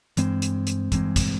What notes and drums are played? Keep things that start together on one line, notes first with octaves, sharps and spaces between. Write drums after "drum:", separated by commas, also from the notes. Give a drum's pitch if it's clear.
G2 E3 G#3 C4, drum: hi-hat
drum: hi-hat
drum: hi-hat
G2 E3 G#3 C4, drum: kick, hi-hat
drum: kick, hi-hat